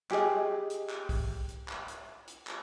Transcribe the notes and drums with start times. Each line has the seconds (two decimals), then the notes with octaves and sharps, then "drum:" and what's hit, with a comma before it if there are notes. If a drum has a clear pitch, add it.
0.11 G4 G#4 D#5, drum: clap
0.70 drum: hi-hat
0.90 drum: clap
1.09 drum: kick C2, open hi-hat
1.49 drum: hi-hat
1.68 drum: clap
1.88 drum: hi-hat
2.28 drum: hi-hat
2.47 drum: clap